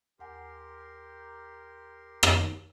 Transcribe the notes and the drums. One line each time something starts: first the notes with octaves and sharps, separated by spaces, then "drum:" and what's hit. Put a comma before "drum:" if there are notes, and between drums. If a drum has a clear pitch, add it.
D#2 G4 A#4 F#5 G#5 C6
drum: rim click